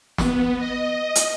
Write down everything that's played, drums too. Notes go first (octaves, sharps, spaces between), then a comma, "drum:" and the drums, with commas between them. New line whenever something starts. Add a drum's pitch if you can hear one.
B3, drum: snare
D#5
drum: hi-hat